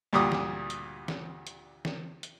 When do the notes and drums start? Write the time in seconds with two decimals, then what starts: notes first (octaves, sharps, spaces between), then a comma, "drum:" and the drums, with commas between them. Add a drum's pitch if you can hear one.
0.13 D2 G2 A#2 G4 D6 D#6
0.32 drum: snare
0.70 drum: hi-hat
1.08 drum: snare
1.47 drum: hi-hat
1.85 drum: snare
2.23 drum: hi-hat